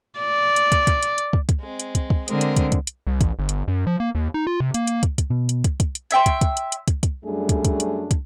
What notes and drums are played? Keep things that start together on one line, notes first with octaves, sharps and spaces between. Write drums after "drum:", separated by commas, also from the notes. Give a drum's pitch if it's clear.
D5
drum: hi-hat
drum: kick, hi-hat
drum: kick, hi-hat
drum: hi-hat
drum: hi-hat
drum: kick
drum: kick, hi-hat
G#3 C4
drum: hi-hat
drum: kick, hi-hat
drum: kick
D3 G#3 C4 A#4, drum: hi-hat
drum: hi-hat
drum: kick, hi-hat
drum: kick, hi-hat
drum: hi-hat
C2
A1, drum: kick, hi-hat
G1
drum: hi-hat
F#2
F3
A#3
D#2
D#4
F4
C3
A#3, drum: hi-hat
drum: hi-hat
drum: kick, hi-hat
drum: kick, hi-hat
B2
drum: hi-hat
drum: kick, hi-hat
drum: kick, hi-hat
drum: hi-hat
C#5 E5 G5 C6, drum: hi-hat
drum: kick, hi-hat
drum: kick, hi-hat
drum: hi-hat
drum: hi-hat
drum: kick, hi-hat
drum: kick, hi-hat
F#2 G3 A3 D4 G#4
drum: kick, hi-hat
drum: kick, hi-hat
drum: hi-hat
drum: kick, hi-hat